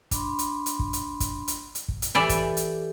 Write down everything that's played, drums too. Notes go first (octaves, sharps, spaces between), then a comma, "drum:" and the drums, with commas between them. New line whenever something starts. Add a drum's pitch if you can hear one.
D4 B5 C6, drum: kick, hi-hat
drum: hi-hat
drum: hi-hat
drum: kick
drum: hi-hat
drum: kick, hi-hat
drum: hi-hat
drum: hi-hat
drum: kick
drum: hi-hat
E3 G4 A4 D5 E5
drum: kick, hi-hat
drum: hi-hat